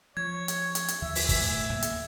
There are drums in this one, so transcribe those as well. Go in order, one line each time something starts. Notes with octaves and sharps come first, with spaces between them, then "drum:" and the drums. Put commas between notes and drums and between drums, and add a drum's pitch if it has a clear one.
F3 C#5 G#6
drum: hi-hat
drum: hi-hat
drum: hi-hat
D#2 D3 F3 E5
drum: open hi-hat
drum: kick, open hi-hat
D1 D2 A2
D#2 C#3 A#3
drum: hi-hat